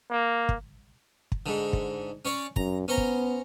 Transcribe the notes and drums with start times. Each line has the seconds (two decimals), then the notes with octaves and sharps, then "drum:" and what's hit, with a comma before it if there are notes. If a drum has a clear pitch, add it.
0.10 A#3
0.49 drum: kick
1.32 drum: kick
1.46 G#2 D3
1.73 drum: kick
2.25 C#4 C#5 D5
2.56 F#2 A#5, drum: kick
2.88 B3 C#4 C5 A#5
2.98 drum: kick